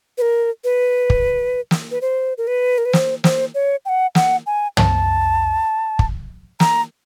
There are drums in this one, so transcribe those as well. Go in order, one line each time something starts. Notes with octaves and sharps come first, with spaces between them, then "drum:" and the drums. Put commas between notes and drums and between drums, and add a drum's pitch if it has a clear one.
B4
A#4
B4
drum: kick
drum: snare
B4
C5
A#4
B4
A#4
B4
C5, drum: snare
C5, drum: snare
C#5
G5
F#5
F#5, drum: snare
G#5
A5, drum: tom
drum: kick
A#5, drum: snare